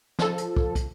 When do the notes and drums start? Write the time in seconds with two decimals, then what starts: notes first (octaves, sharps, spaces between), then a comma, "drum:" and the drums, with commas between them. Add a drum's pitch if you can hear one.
0.19 F3 A4, drum: snare
0.38 drum: hi-hat
0.56 drum: kick
0.75 drum: kick, hi-hat